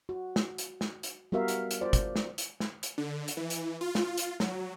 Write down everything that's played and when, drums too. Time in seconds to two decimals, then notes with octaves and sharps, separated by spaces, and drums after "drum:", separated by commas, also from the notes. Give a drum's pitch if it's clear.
0.09 F#4
0.36 drum: snare
0.58 drum: hi-hat
0.81 drum: snare
1.03 drum: hi-hat
1.32 G3 B3 F#4 A#4 E5 F5
1.48 drum: hi-hat
1.71 drum: hi-hat
1.81 F4 C5 D5
1.93 drum: kick, hi-hat
2.16 drum: snare
2.38 drum: hi-hat
2.60 drum: snare
2.83 drum: hi-hat
2.98 D3
3.28 drum: hi-hat
3.37 E3
3.50 drum: hi-hat
3.81 F4
3.95 drum: snare
4.18 drum: hi-hat
4.40 F#3, drum: snare